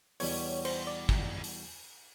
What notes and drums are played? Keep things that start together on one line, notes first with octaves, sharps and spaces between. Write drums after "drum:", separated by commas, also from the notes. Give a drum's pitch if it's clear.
E2 B2 G3 C#5, drum: open hi-hat
C5, drum: cymbal
D5
drum: kick
drum: open hi-hat